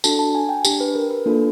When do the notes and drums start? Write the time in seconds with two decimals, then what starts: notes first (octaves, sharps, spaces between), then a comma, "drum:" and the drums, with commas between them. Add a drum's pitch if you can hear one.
0.04 D4 F#4 A4 A5, drum: tambourine
0.19 A5
0.35 G#5
0.49 G5
0.65 D4 G4, drum: tambourine
0.80 B4
0.95 A#4
1.11 B4
1.26 A#3 D4 F4 A4